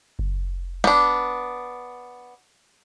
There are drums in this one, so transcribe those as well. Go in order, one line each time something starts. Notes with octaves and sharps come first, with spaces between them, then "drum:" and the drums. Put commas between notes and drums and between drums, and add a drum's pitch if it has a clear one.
drum: kick F#1
B3 D4, drum: snare